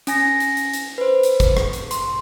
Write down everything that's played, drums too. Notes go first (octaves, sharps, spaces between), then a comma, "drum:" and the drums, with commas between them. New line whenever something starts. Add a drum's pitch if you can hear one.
C#4 G#5 A#6, drum: hi-hat
drum: hi-hat
drum: hi-hat
drum: hi-hat
B4 C5
drum: hi-hat
drum: kick, hi-hat
drum: rim click
drum: hi-hat
C6, drum: hi-hat